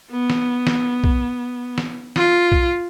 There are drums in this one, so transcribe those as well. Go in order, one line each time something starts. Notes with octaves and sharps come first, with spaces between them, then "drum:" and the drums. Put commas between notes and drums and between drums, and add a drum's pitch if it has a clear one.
B3
drum: snare
drum: snare
drum: kick B1
drum: snare
F4, drum: snare
drum: kick B1